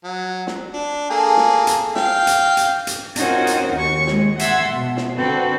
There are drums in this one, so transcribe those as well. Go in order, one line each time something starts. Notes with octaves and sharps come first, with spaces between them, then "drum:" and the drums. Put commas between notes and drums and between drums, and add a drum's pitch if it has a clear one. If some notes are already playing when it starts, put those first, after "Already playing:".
F#3
drum: snare
D4
A#3 G#4 A4
drum: snare
drum: hi-hat
F5 G5, drum: snare
drum: hi-hat
drum: hi-hat
drum: hi-hat
C4 C#4 D#4 F4 F#4 A#4, drum: hi-hat
drum: hi-hat
D#2 C#6
G#3, drum: snare
E5 F#5 A5 C6 E6 G#6, drum: hi-hat
B2
drum: snare
D3 C4 F#4 A4 B4